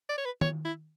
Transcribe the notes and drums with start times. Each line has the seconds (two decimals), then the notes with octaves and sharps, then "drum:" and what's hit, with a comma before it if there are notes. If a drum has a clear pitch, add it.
0.09 D5
0.18 C#5
0.25 B4
0.41 C#5, drum: tom D#3
0.65 E4